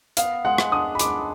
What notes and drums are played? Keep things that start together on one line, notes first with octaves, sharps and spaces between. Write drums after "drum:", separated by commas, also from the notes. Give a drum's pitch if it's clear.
B3 F5, drum: hi-hat
G#3 F#5
drum: rim click
D4 D#6
B5
G#3 D6, drum: hi-hat